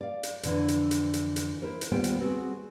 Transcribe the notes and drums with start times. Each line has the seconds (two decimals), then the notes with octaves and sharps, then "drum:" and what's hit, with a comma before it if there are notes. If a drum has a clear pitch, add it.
0.01 D5 F5
0.23 drum: hi-hat
0.43 F2 D3 E3, drum: hi-hat
0.68 drum: hi-hat
0.91 drum: hi-hat
1.13 drum: hi-hat
1.36 drum: hi-hat
1.62 E4 A#4 C5
1.81 drum: hi-hat
1.91 D#2 G3 B3 F4 C5 G5
2.04 drum: hi-hat
2.19 B3 C4 F#4 G#4